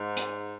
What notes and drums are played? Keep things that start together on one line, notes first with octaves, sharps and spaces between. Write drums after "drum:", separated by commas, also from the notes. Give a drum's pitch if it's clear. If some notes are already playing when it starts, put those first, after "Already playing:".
Already playing: G#2
drum: hi-hat